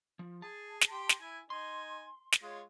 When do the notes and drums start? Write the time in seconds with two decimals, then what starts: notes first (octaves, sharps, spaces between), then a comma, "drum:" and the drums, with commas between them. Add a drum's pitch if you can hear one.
0.19 F3
0.42 G#4 A5
0.81 drum: snare
0.91 G4 G5 C6
1.09 drum: snare
1.20 E4 G#5
1.50 D#4 G#5 C6
2.32 drum: snare
2.42 G#3 F4 C#5